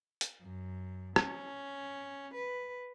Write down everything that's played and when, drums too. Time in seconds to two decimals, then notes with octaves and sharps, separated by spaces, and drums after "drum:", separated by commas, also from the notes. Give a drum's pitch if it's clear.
0.21 drum: hi-hat
0.42 F#2
1.16 C#4, drum: rim click
2.34 B4